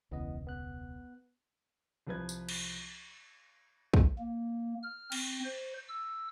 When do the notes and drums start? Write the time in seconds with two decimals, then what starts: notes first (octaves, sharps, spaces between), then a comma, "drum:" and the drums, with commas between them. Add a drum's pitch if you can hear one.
0.11 E1 C#2 E3 B3 D#5
0.47 B3 F#6
2.07 C2 F3 B4 G#6
2.29 drum: tambourine
2.49 drum: cymbal
3.94 drum: kick
4.19 A#3
4.83 F6
5.12 C4, drum: cymbal
5.44 C5
5.89 E6